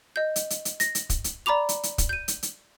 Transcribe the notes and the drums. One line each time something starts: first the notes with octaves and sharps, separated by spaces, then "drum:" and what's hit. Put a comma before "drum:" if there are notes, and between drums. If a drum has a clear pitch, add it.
D#5 G6
drum: hi-hat
drum: hi-hat
drum: hi-hat
A#6, drum: hi-hat
drum: hi-hat
drum: kick, hi-hat
drum: hi-hat
D5 A#5 B5 D6 F7
drum: hi-hat
drum: hi-hat
drum: kick, hi-hat
G6 D#7
drum: hi-hat
drum: hi-hat